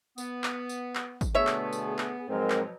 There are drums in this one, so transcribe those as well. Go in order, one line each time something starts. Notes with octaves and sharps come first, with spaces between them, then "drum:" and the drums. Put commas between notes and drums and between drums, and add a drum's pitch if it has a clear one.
B3, drum: tambourine
drum: clap
drum: tambourine
drum: clap
drum: kick, tambourine
B2 D3 A3 B3 G#4 C#5 E5
drum: clap
drum: tambourine
drum: clap
G#2 B2 F3 F#3 G#3 C4 A#4
drum: clap